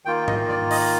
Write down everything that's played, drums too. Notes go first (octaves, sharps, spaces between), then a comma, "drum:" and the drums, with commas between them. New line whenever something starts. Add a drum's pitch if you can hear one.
D#3 A#3 F4 G5
D#5, drum: tom G#2
D5
D#5, drum: open hi-hat